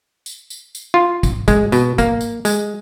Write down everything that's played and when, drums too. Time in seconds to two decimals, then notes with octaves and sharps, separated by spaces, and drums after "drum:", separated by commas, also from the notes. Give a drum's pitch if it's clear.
0.26 drum: tambourine
0.50 drum: tambourine
0.75 drum: tambourine
0.94 F4
1.23 drum: kick, tambourine
1.48 G#3, drum: kick, tambourine
1.72 B2, drum: tambourine
1.98 A#3, drum: kick, tambourine
2.21 drum: tambourine
2.45 G#3, drum: tambourine